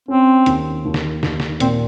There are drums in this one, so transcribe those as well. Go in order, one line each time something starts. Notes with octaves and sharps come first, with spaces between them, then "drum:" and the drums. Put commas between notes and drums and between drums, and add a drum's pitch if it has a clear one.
C4 C#4
D#2, drum: hi-hat
D#2
drum: snare
D#2, drum: snare
drum: snare
A#2 C4, drum: hi-hat